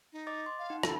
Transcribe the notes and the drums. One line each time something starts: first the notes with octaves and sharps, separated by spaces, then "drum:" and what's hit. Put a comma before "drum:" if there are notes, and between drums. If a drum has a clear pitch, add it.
D#4
D#5 D6 A6
C6
F5
D#4 F#5
A4, drum: rim click